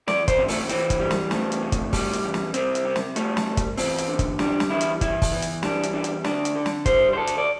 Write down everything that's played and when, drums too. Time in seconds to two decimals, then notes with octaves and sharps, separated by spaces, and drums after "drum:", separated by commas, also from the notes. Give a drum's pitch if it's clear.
0.08 E2 D5, drum: snare
0.28 C5, drum: kick, hi-hat
0.38 C3
0.48 A3, drum: open hi-hat
0.69 E3 C4, drum: hi-hat
0.90 drum: kick, hi-hat
1.00 G3
1.11 drum: snare
1.31 E2 A3, drum: snare
1.52 drum: hi-hat
1.61 C3
1.72 drum: kick, hi-hat
1.93 G3, drum: kick, open hi-hat
2.13 drum: hi-hat
2.24 E2
2.34 drum: snare
2.54 C2 C4, drum: hi-hat
2.75 drum: hi-hat
2.85 C3
2.96 drum: snare
3.16 G3 A3, drum: hi-hat
3.37 drum: snare
3.46 C2
3.57 drum: kick, hi-hat
3.77 E2 C4, drum: open hi-hat
3.98 drum: hi-hat
4.08 D3
4.19 drum: kick, hi-hat
4.39 G3 D4, drum: snare
4.60 drum: snare
4.70 E2 E4
4.81 drum: hi-hat
5.01 E2 E4, drum: kick, hi-hat
5.22 drum: kick, open hi-hat
5.32 E3
5.42 drum: hi-hat
5.63 G3 D4, drum: snare
5.83 drum: hi-hat
5.93 E2 D4
6.04 drum: hi-hat
6.24 D2 D4, drum: snare
6.45 drum: hi-hat
6.56 D3
6.66 drum: snare
6.86 G3 C5, drum: kick, hi-hat
7.13 C5
7.17 D2 A4
7.27 drum: hi-hat
7.38 D5